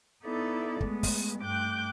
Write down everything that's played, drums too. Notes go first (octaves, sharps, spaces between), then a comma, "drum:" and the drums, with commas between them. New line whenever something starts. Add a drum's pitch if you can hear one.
B3 D#4 E4 A4 D5
G#3 A3 B3, drum: kick
drum: kick, open hi-hat
G2 A3 G5 D6 F#6 G6